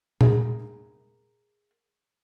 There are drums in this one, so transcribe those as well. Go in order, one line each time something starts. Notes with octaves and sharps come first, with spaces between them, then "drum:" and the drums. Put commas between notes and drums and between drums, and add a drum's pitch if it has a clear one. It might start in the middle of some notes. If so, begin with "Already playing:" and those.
G#4 A#4, drum: tom A#2